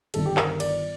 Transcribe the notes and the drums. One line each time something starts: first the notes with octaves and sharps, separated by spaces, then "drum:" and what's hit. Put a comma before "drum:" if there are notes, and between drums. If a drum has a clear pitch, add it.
G1 G2 D#3 A4, drum: cymbal
G4
A#4, drum: clap
D5, drum: cymbal